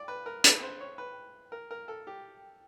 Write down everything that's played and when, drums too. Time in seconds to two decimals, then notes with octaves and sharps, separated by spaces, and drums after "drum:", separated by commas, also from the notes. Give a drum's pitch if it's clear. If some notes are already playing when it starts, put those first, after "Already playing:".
Already playing: D5
0.08 B4
0.26 A#4
0.44 B4, drum: hi-hat
0.63 C5
0.81 C#5
0.98 B4
1.52 A#4
1.71 A#4
1.88 A4
2.07 G4